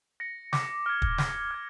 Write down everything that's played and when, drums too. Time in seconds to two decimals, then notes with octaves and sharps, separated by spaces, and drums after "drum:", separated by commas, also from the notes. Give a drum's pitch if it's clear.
0.20 A#6 C#7
0.53 D6, drum: snare
0.86 F6 G#6
1.02 drum: kick
1.18 D6, drum: snare
1.51 F6 G#6